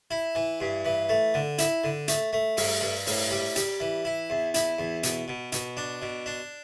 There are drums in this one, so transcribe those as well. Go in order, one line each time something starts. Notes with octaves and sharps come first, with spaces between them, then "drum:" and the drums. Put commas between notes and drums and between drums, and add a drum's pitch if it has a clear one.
E4
E3
G2
E3
A3
D3
E4, drum: hi-hat
D3
A3, drum: hi-hat
A3
G2, drum: open hi-hat
G2
A2, drum: open hi-hat
G3
G3, drum: hi-hat
E3
E4
E2
E4, drum: hi-hat
E2
B2, drum: hi-hat
B2
B2, drum: hi-hat
D4
B2
D4